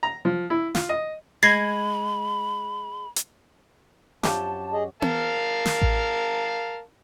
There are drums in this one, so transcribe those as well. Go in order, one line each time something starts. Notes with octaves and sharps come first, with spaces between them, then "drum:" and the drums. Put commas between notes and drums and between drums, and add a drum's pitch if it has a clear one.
A#5
F3
E4
F4, drum: snare
D#5
G#3 B5 G#6 A#6 C7
drum: hi-hat
F#2 F3 C4 D4 G4 A5, drum: snare
G#4 D#5
A#4 F5 A5, drum: tom B3
drum: snare
drum: kick A1